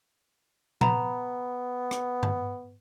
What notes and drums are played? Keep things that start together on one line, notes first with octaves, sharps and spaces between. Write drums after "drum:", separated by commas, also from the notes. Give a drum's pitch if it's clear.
B3 A#5 B5, drum: tom A#2
drum: rim click
drum: tom G2